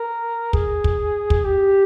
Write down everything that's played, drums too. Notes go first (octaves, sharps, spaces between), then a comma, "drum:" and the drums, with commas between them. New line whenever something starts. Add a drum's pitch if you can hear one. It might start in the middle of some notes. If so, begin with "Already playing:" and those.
Already playing: A#4
G#4, drum: kick
drum: kick
drum: kick
G4